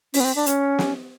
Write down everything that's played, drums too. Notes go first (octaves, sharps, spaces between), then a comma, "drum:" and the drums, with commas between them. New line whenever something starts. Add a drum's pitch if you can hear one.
C#4, drum: open hi-hat
B3
C4
D4
C#4, drum: hi-hat
drum: snare